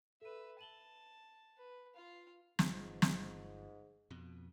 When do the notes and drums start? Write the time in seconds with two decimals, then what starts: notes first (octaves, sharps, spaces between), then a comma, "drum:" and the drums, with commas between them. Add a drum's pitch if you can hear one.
0.22 A4 B4 E5 D#7
0.59 A5 D#7 F#7 G7
1.58 B4
1.95 F4 F5
2.59 G1 G#2 F3, drum: snare
3.02 drum: snare
4.10 F2 B2